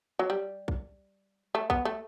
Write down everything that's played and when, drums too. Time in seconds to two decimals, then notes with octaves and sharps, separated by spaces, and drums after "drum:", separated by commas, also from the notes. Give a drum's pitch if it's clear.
0.19 F#3
0.30 G3
0.68 drum: kick
1.55 A3
1.70 B3, drum: kick
1.85 A3